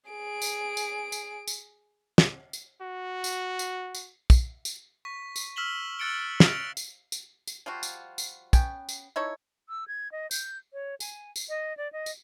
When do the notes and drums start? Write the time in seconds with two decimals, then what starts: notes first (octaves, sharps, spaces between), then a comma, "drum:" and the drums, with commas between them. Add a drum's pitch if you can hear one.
0.10 G#4 D7
0.42 drum: tambourine
0.77 drum: tambourine
1.12 drum: tambourine
1.47 drum: tambourine
2.18 drum: snare
2.53 drum: tambourine
2.81 F#4
3.24 drum: tambourine
3.59 drum: tambourine
3.95 drum: tambourine
4.30 drum: kick, tambourine
4.65 drum: tambourine
5.05 C#6 B6
5.36 drum: tambourine
5.56 E6 F6 B6 E7 F#7 G7
5.99 E6 F#6 A6 C#7 D7 G7
6.40 C#6 F6 A6 A#6 D7 F7, drum: snare
6.77 drum: tambourine
7.12 drum: tambourine
7.47 drum: tambourine
7.66 F3 G3 F4 F#4
7.83 drum: tambourine
8.18 drum: tambourine
8.53 B3 C#4 G5, drum: kick, tambourine
8.89 drum: tambourine
9.16 D#4 E4 A4 C#5
9.67 E6
9.88 G#6
10.12 D#5
10.31 G6, drum: tambourine
10.73 C#5
11.00 G#5, drum: tambourine
11.36 drum: tambourine
11.49 D#5
11.77 D5
11.92 D#5
12.06 drum: tambourine